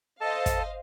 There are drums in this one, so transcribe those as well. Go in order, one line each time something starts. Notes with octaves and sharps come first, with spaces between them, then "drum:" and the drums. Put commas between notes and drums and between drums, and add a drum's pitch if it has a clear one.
A4 C5 D#5 F5 A5
drum: kick, hi-hat